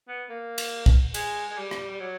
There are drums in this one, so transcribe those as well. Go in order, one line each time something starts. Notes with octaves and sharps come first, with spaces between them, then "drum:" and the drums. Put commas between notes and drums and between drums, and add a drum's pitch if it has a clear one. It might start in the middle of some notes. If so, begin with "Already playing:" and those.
B3
A#3
drum: cymbal
drum: kick
G#3, drum: cymbal
G#3
G3
drum: rim click
G3
F#3